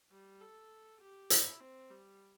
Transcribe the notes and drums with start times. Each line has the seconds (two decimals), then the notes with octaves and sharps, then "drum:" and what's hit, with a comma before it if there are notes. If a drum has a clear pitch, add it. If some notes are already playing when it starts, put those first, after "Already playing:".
0.12 G3
0.41 A4
1.01 G4
1.30 E4, drum: hi-hat
1.60 C4
1.90 G3